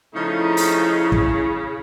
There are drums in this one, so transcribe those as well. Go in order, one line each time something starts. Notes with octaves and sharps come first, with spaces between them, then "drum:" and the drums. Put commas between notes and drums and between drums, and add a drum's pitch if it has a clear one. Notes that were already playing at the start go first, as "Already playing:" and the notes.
C#3 F3 A3 D#4 E4
drum: open hi-hat
drum: kick